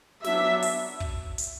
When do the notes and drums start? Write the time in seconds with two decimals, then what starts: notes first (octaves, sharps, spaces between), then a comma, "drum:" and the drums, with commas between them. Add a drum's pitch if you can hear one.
0.24 F#3 B3 D4 E5, drum: snare
0.62 drum: open hi-hat
1.00 drum: kick
1.38 drum: hi-hat